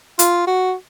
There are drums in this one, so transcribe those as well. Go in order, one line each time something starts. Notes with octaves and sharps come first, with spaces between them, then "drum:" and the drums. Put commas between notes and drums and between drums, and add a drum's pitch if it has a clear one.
F4, drum: hi-hat
F#4